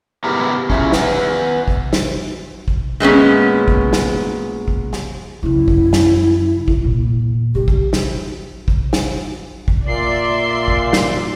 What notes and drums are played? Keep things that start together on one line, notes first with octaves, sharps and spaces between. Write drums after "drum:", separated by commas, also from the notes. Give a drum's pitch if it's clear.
B3 G4 G#4 A#4 B4
C#4 E4 F4 G#4, drum: kick
B4 F#5 G#5, drum: snare
drum: kick
drum: snare
drum: kick
A#2 G#3 B3 C#4
drum: kick
drum: snare
drum: kick
drum: snare
F#2 C#3 E4
drum: kick
drum: snare
drum: kick
E2 A#2
C2 D3 G4
drum: kick
drum: snare
drum: kick
drum: snare
drum: kick
A#2 D5 E5 C6 C7
drum: kick
drum: snare